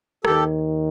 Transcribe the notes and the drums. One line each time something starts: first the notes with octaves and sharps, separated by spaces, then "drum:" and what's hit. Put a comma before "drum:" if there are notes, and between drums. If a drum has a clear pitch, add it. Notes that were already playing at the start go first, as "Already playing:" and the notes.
D#2 D#3 G4 A4, drum: rim click